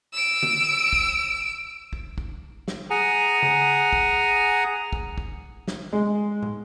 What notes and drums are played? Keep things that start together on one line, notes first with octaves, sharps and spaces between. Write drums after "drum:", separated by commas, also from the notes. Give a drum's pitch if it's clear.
E6 D7
drum: tom D3
drum: kick
drum: kick
drum: kick
drum: snare
G#4 F#5 G#5 A#5
drum: tom C#3
drum: kick
drum: kick
drum: kick
drum: snare
G#3
drum: tom